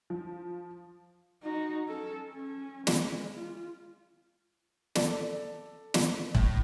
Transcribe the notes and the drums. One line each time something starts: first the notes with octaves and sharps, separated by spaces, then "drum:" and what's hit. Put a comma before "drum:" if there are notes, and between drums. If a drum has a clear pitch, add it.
F3
D#4 F#4
C#4 A4
C#4
G#3, drum: snare
F4
A4 D5, drum: snare
drum: snare
A2, drum: kick E1